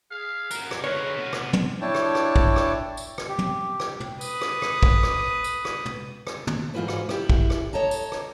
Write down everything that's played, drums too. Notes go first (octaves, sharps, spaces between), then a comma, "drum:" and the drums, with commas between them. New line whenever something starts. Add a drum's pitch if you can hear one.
G#4 F5
D#2 F#4 A#4 E5 F#5, drum: tambourine
drum: rim click
D3 G#3 A#4 B4 C#5
C3 B3
drum: rim click
drum: tom
D4 E4 C#5 G5 A5
drum: rim click
drum: rim click
drum: kick
drum: rim click
drum: tambourine
drum: rim click
G4
drum: tom
drum: rim click
drum: tom
B4 D#6, drum: tambourine
drum: rim click
drum: rim click
drum: kick
drum: rim click
drum: tambourine
drum: rim click
drum: tom
drum: rim click
drum: tom
G#2 E3 F4 F#4 B4 C5
drum: rim click
E4 G4, drum: rim click
drum: kick
drum: rim click
C#5 D#5 A5 A#5
drum: tambourine
drum: rim click